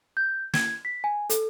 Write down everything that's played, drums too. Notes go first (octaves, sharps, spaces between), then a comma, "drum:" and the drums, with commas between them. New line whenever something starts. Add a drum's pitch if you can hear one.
G6
G#6, drum: snare
B6
G#5
A4, drum: hi-hat